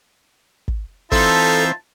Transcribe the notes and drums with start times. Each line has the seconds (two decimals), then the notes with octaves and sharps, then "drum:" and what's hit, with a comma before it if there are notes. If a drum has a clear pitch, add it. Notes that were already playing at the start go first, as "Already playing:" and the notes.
0.68 drum: kick
1.12 E3 C4 D#4 F4 A4 C5 E5 A5, drum: kick